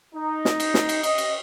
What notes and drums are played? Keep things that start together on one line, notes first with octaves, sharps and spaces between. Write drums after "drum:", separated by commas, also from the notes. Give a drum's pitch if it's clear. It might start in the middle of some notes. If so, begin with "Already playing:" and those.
D#4
drum: snare
drum: cymbal
drum: snare
drum: cymbal
D#5, drum: cymbal
drum: cymbal